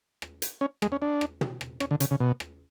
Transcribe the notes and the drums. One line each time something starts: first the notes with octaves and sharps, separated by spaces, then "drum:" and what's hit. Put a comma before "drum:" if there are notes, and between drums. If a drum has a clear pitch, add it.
drum: rim click
drum: hi-hat
C#4
G#3, drum: rim click
C#4
D4
drum: rim click
drum: tom
drum: rim click
C#4, drum: rim click
D3
C#3, drum: hi-hat
C#3
B2
drum: rim click